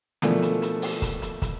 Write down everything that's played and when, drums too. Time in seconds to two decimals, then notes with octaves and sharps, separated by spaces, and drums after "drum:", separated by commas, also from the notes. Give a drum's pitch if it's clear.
0.22 B2 E3 F3 A3 A#3 D4, drum: snare
0.42 drum: hi-hat
0.62 drum: hi-hat
0.82 drum: open hi-hat
1.02 drum: kick, hi-hat
1.22 drum: hi-hat
1.42 drum: kick, hi-hat